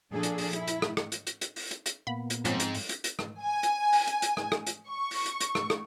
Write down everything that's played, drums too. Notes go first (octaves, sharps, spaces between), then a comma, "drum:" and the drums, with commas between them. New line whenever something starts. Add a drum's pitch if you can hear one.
A#2 F3 D4 G#4 A4
drum: hi-hat
drum: open hi-hat
E4, drum: hi-hat
drum: hi-hat
drum: rim click
drum: rim click
drum: hi-hat
drum: hi-hat
drum: hi-hat
drum: open hi-hat
drum: hi-hat
drum: hi-hat
A#2 A#3 B3 B5
drum: hi-hat
G#2 F3 C4 C#4, drum: hi-hat
drum: hi-hat
drum: open hi-hat
drum: hi-hat
drum: hi-hat
drum: rim click
G#5
drum: hi-hat
drum: open hi-hat
drum: hi-hat
drum: hi-hat
drum: rim click
drum: rim click
drum: hi-hat
C#6
drum: open hi-hat
drum: hi-hat
drum: hi-hat
drum: rim click
drum: rim click